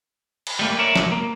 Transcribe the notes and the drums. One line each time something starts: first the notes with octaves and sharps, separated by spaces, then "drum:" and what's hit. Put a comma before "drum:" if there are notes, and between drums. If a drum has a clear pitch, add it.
drum: cymbal
G3 A3 A#3
A#4 C#5 D5 E5
drum: snare
A#3